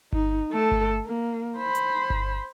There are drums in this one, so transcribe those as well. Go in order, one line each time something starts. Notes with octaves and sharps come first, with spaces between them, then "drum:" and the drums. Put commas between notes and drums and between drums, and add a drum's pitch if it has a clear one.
D#4, drum: kick G1
A3 A4
drum: kick G1
A#3
C5 B5
drum: hi-hat
drum: kick G1